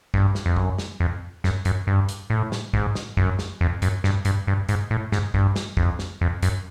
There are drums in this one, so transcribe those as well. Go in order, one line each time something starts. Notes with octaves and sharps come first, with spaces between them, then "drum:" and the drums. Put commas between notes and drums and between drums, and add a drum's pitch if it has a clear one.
G2, drum: kick
drum: snare
F2
F#2, drum: kick
drum: snare
F2
F#2, drum: snare
F#2, drum: hi-hat
G2
drum: hi-hat
A2
drum: snare
G#2, drum: kick
drum: snare
F#2, drum: kick
drum: snare
F2
F#2, drum: hi-hat
G2, drum: snare
G2, drum: hi-hat
G2
G#2, drum: hi-hat
A2
G#2, drum: snare
G2, drum: kick
drum: snare
F2, drum: kick
drum: snare
F2
F#2, drum: hi-hat